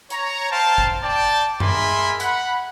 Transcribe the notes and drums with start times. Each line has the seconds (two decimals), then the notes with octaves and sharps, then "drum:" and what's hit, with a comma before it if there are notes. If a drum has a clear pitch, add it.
0.10 C#5 A#5, drum: hi-hat
0.50 C5 F5 G5 A5
0.78 drum: kick G#1
1.02 D5 G5 A5
1.60 G#3 A#4 E5 G#5 B5 C6, drum: tom F#2
2.20 F#5 B5, drum: hi-hat